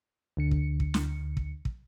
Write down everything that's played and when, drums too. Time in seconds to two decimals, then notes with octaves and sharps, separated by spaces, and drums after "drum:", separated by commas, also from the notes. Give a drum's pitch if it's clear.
0.37 D2 D3 C#7
0.51 drum: kick
0.80 drum: kick
0.94 drum: snare
1.37 drum: kick
1.65 drum: kick